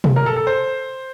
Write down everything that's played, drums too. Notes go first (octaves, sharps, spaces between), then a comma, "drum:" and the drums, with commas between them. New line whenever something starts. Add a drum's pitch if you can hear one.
drum: tom B2
A#4
A4
A4
C5